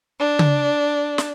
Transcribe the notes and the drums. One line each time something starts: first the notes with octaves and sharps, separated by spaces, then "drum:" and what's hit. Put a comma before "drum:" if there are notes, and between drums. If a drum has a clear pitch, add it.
D4
drum: tom C#3
drum: snare